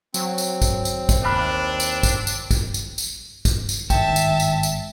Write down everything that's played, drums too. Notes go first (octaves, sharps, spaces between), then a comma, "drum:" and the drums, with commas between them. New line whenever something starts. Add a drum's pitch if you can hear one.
F#3 C4, drum: tambourine
drum: tambourine
drum: kick, tambourine
drum: tambourine
drum: kick, tambourine
D#2 D4 B5 F6 F#6
drum: tambourine
drum: kick, tambourine
drum: tambourine
drum: kick, tambourine
drum: tambourine
drum: tambourine
drum: kick, tambourine
drum: tambourine
G#1 G2 D#3 E5 G5 A5, drum: kick, tambourine
drum: tambourine
drum: tambourine
drum: tambourine